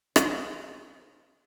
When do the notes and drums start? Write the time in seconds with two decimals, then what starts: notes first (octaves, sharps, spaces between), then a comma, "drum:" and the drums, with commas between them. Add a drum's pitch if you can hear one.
0.16 C#3 F4 C5, drum: rim click